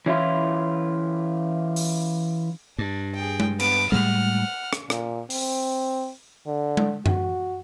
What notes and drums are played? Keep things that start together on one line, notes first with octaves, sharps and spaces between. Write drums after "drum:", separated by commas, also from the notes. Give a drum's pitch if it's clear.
E3 C#4 E4 F4
drum: open hi-hat
G2 D4
G#4 G5
drum: tom G#3
B3 D6, drum: cymbal
A2 G3 G#3 F#5 F6
drum: rim click
A#2, drum: rim click
C4, drum: open hi-hat
D3
drum: tom G#3
F#4, drum: tom F#2